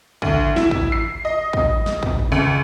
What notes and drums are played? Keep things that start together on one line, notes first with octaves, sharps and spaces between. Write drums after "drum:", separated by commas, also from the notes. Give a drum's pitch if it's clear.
D2, drum: kick
E4, drum: snare
drum: kick
C7
D#5
drum: kick
drum: snare
drum: kick
drum: tom E2
C#2